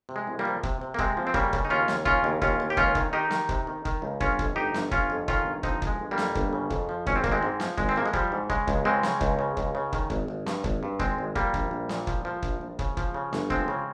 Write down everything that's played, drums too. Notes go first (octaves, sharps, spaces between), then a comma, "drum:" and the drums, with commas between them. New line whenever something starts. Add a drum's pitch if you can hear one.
C3
G#3
C2
G3 A#3
F3
C3, drum: kick
C3
A#3
C3 G#3 C4, drum: kick
F3
C4
C#3 G3 A#3, drum: kick
C#3, drum: kick
D#4
D#2 C#4 F4
D#2, drum: snare
C#3 C#4 F4, drum: kick
D#2
D#2 C#4 F4, drum: kick
D#2
G4
C#2 C#4 F4, drum: kick
D#3, drum: kick
D#3 D#4 G4
D#3, drum: snare
C3, drum: kick
D#3
D#3, drum: kick
C#2
G1 C#4 F4, drum: kick
F2, drum: kick
G1 D#4 G4
G1, drum: snare
G1 C#4 F4, drum: kick
F2
D#3 C#4 F4, drum: kick
G1
F3 C4 D#4, drum: kick
G1, drum: kick
G#3
G1
G3 A#3
F2, drum: snare
G1, drum: kick
C#3
F2, drum: kick
F3
G#1 C#4, drum: kick
C4
G#1 A#3, drum: kick
G#3 C4
G#2
F3, drum: snare
G#1 G#3, drum: kick
C4
F3 A#3
G#3
F3 G3, drum: kick
G#2
C#3 G#3, drum: kick
C#2, drum: kick
C#3 G#3 C4
C#3, drum: snare
C#2, drum: kick
C#3
C#2, drum: kick
C#3
D#3, drum: kick
G#1, drum: kick
G#1
G2, drum: snare
G#1, drum: kick
G2
G#1 G#3 C4, drum: kick
G#1
F3 G3 A#3, drum: kick
A#1, drum: kick
A#1
A#2, drum: snare
F3, drum: kick
F3
A#1, drum: kick
A#1
C#3, drum: kick
F3, drum: kick
C#3
G1, drum: snare
F3 G#3 C4, drum: kick
C#3